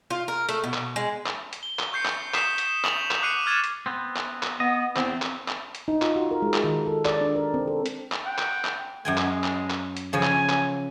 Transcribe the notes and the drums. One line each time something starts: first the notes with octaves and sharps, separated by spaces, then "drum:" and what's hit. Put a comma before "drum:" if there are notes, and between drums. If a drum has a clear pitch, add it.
F4
A#4
A3, drum: hi-hat
B2
drum: clap
G#3
drum: clap
drum: hi-hat
G7
drum: clap
C#6 G6 C7 C#7
drum: clap
D#6 B6 C7 E7, drum: clap
drum: hi-hat
C#6 F7 F#7, drum: clap
drum: clap
D6 F#6 C7 C#7 D#7
D6 F6 G#6 A6 D#7 E7
drum: hi-hat
B3 C4
drum: clap
drum: clap
B3 D#5
E2 C4, drum: clap
drum: clap
drum: clap
drum: hi-hat
D#4
F4, drum: clap
F#4
A#4
G#3
drum: clap
D#3
A4
D5, drum: clap
D4
A#4
C4
A4
drum: hi-hat
drum: clap
F#5 G5
drum: clap
drum: clap
F#2 G#3 G5 G#5
drum: clap
drum: clap
drum: clap
drum: hi-hat
C#3 F3 C#4 G#5
drum: clap
drum: clap